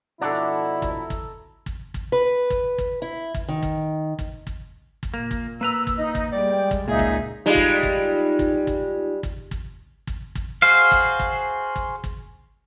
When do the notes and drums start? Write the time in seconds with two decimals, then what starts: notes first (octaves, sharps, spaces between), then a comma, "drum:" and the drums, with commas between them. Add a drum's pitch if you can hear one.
0.21 B2 F3 D4 E4 A4 C#5 F#5 A#5
0.82 drum: kick
1.10 drum: kick
1.66 drum: kick
1.94 drum: kick
2.12 B4
2.50 drum: kick
2.78 drum: kick
3.02 E4
3.34 drum: kick
3.48 D#3
3.63 drum: kick
4.19 drum: kick
4.47 drum: kick
5.03 drum: kick
5.14 A#2 A#3
5.31 drum: kick
5.61 A#3 B4 A#5 E6
5.87 drum: kick
5.98 D#4 D#5
6.15 drum: kick
6.32 G3 G#3 D5 G5
6.71 drum: kick
6.88 C#2 A#2 D#4 G#4 E5 F5
6.99 drum: kick
7.46 G3 G#3 D#4 F4
7.55 drum: kick
7.83 drum: kick
8.39 drum: kick
8.67 drum: kick
9.23 drum: kick
9.51 drum: kick
10.07 drum: kick
10.35 drum: kick
10.62 F#4 G#4 C5 F5
10.91 drum: kick
11.20 drum: kick
11.76 drum: kick
12.04 drum: kick